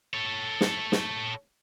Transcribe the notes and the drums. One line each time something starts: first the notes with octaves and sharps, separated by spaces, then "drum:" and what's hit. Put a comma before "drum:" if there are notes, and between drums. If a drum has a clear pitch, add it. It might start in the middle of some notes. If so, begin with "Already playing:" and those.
A4 C#5
drum: snare
drum: snare